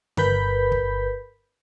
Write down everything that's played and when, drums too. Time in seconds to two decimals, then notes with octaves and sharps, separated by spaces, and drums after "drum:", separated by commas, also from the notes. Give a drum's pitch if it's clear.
0.17 G1 A#4 B4 B5 G6 B6, drum: tom C#3
0.72 drum: kick